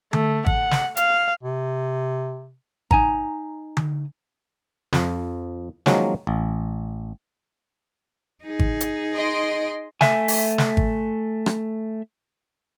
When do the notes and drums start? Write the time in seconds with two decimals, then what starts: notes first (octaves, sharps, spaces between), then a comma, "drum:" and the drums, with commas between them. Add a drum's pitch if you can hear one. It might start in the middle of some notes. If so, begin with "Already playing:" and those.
0.13 A3, drum: tom D3
0.46 F#5, drum: kick G#1
0.71 drum: snare
0.97 F5, drum: hi-hat
1.43 C3
2.91 D#4 G#5 A#5, drum: kick G#1
3.77 drum: tom D3
4.93 F2 F3, drum: snare
5.86 D#3 F3 F#3 G#3 A#3 C#4, drum: snare
6.27 A1
8.44 D#4 G#4
8.59 drum: kick G#1
8.81 drum: hi-hat
9.15 D#5 C6 D7
10.01 A3 E5 G#5, drum: snare
10.28 drum: open hi-hat
10.58 drum: snare
10.77 drum: kick G#1
11.46 drum: rim click